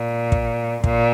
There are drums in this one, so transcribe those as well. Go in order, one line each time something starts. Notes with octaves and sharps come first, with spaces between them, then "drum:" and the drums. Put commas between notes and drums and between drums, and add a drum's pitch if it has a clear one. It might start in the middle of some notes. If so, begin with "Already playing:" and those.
Already playing: A#2
drum: kick
A#2, drum: kick